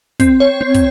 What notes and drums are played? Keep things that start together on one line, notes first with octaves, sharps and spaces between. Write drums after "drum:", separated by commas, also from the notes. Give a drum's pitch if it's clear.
C4, drum: kick, hi-hat
C#5
C4
drum: kick, hi-hat